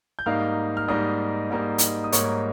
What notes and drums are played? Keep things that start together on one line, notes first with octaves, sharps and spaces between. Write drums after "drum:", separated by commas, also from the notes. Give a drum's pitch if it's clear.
G6
G#2 G3 A#3 D#4 F5 F6
F6
G#2 G3 A#3 D#4 D#5 D#6
G#2 G3 A#3 D#4
drum: hi-hat
D#6
G#2 G3 A#3 D#4 C#5 C#6, drum: hi-hat